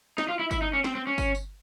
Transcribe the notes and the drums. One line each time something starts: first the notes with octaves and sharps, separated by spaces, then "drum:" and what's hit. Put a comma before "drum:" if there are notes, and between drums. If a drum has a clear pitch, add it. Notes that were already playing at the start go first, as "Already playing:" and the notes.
D#4, drum: snare
F4
E4
E4, drum: kick G1, tambourine
D#4
C#4
C4, drum: snare
C4
C#4
drum: kick G1, tambourine
drum: tambourine